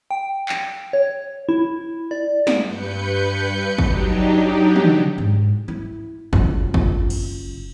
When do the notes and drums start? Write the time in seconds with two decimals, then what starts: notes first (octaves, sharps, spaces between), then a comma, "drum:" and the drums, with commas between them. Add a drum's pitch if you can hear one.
0.11 G5
0.49 drum: clap
0.93 C#5
1.49 E4
2.11 D5
2.47 drum: snare
2.65 G2 B4 G6 C#7
3.78 F#3 D4 D#4 G4, drum: kick
4.76 drum: tom
5.18 G#2
5.68 E4
6.33 F#1 F4, drum: kick
6.74 drum: kick
7.10 drum: cymbal